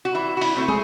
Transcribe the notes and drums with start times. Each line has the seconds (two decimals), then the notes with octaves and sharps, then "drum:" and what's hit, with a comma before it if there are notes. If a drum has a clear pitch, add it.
0.05 F#4
0.15 E3 E4
0.37 F#4
0.41 E4, drum: open hi-hat
0.56 A3 C4 E4
0.68 G#4, drum: tom